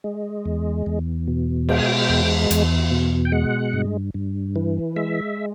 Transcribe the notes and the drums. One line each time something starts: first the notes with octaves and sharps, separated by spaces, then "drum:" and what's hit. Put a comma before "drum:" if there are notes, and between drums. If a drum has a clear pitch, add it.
G#3
E2
E2
B2
G#3 G5, drum: cymbal
G#5
G5
E2
E2, drum: hi-hat
B2
G5
G#3 F#5
G2
G2
E3
G#3 E5